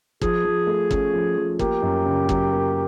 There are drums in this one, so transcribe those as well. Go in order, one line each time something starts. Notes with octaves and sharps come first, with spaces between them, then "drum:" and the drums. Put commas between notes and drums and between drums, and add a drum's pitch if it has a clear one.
F3 G#4, drum: kick
F3
A3
C#4, drum: kick
F3
F3
A#3 G4, drum: kick
F#2
C#3
F#3, drum: kick
A#3